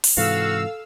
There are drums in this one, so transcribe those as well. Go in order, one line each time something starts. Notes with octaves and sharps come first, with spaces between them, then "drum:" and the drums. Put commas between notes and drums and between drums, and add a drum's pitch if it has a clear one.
drum: open hi-hat
G#2 C3 E3 F#4 A4 F5 E6